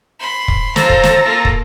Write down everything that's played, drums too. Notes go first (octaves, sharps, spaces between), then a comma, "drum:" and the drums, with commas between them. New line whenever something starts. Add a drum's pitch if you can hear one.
B5 C6
drum: kick
F4 A4 C5 A#5, drum: snare
drum: kick
drum: snare
A#3 F4
drum: kick